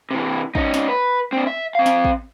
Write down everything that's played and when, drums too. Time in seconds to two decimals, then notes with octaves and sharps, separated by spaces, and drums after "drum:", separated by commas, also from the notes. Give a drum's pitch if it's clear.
0.11 C3 E3
0.55 C#4 D#4, drum: kick
0.74 drum: snare
0.88 B4
1.33 C4 D4
1.47 E5
1.75 C4 F5
1.86 drum: snare
2.05 drum: kick